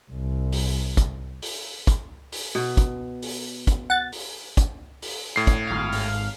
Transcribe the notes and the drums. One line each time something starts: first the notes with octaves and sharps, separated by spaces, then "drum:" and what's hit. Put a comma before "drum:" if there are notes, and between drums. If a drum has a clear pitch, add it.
C2
drum: open hi-hat
drum: kick, hi-hat
drum: open hi-hat
drum: kick, hi-hat
drum: open hi-hat
B2
drum: kick, hi-hat
drum: open hi-hat
drum: kick, hi-hat
F#5 A6
drum: open hi-hat
drum: kick, hi-hat
drum: open hi-hat
A2 C7
drum: kick, hi-hat
G#1 F5
drum: open hi-hat